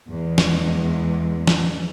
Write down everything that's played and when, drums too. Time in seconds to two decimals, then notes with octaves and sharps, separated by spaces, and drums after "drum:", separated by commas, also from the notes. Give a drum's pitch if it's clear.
0.11 E2 G#3
0.38 drum: snare
1.47 drum: snare